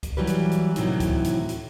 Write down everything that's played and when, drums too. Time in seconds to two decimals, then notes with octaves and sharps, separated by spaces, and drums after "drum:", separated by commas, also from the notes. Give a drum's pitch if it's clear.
0.03 drum: kick C#2, hi-hat
0.17 E3 F#3 G3 B4
0.27 drum: hi-hat
0.52 drum: hi-hat
0.76 A2 C3 D#3 E3 F#3 D#4, drum: hi-hat
1.00 drum: kick C#2, hi-hat
1.24 drum: hi-hat
1.49 drum: hi-hat